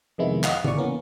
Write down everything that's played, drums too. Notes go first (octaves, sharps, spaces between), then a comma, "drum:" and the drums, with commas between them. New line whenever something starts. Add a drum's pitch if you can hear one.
F2 C3 D#3 G#3 B3 E4
D#5 F5 F#5 F6, drum: clap
A1 E3 E4 D5 C#6, drum: tom D3
E3 A#3 B3 C#4 A#4